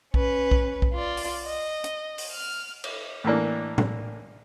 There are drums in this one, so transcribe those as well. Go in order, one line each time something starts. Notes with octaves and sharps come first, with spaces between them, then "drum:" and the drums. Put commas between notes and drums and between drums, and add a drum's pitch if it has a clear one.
C#4 B4, drum: kick
drum: kick
drum: kick
F4 D5
drum: open hi-hat
D#5
drum: hi-hat
drum: open hi-hat
F6
drum: cymbal
A2 E3 A#3 D4
drum: tom A2